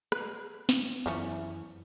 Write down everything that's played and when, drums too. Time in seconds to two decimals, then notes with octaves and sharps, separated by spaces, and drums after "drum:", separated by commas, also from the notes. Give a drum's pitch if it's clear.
0.12 B4, drum: rim click
0.69 drum: snare
1.06 F#2 E3 F3 A3 C#4